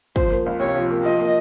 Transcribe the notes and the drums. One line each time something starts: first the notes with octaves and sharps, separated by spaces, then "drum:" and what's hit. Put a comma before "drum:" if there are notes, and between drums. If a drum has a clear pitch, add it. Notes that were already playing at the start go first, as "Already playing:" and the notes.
F3 C5, drum: kick
A#3
C#2
C3 C#5
F3
A#3
F3 D#5
A#3